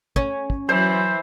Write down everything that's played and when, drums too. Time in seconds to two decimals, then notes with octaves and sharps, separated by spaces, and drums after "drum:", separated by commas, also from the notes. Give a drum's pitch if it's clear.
0.16 C#4, drum: kick
0.50 drum: kick
0.69 E3 F#3 C5